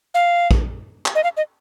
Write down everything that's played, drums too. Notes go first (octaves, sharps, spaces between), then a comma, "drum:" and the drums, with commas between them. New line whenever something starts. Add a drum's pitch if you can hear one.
F5
drum: kick
drum: clap
D#5
F5
D#5